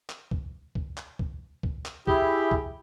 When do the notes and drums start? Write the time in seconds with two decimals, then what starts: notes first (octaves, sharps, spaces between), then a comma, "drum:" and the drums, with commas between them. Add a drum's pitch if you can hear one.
0.09 drum: clap
0.31 drum: kick C#2
0.75 drum: kick C#2
0.97 drum: clap
1.19 drum: kick C#2
1.63 drum: kick C#2
1.85 drum: clap
2.07 E4 G4 G#4, drum: kick C#2
2.51 drum: kick C#2